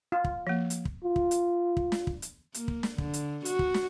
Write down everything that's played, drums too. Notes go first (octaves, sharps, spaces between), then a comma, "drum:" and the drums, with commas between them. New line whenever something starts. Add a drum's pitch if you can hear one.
F4
drum: kick
F3 A#3
drum: hi-hat
drum: kick
F4
drum: kick
drum: hi-hat
drum: kick
drum: snare
drum: kick
drum: hi-hat
A#3, drum: hi-hat
drum: kick
drum: snare
D3, drum: kick
drum: hi-hat
F#4, drum: hi-hat
drum: kick
drum: snare